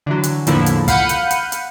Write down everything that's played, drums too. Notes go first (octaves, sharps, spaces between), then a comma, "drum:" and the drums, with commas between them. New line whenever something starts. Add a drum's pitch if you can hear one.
D3 E3 F#3
drum: hi-hat
E2 A2 D3 F3 A#3 E4, drum: hi-hat
drum: hi-hat
F5 F#5 B5 G6 C#7 D#7, drum: kick, hi-hat
drum: hi-hat
drum: hi-hat
drum: hi-hat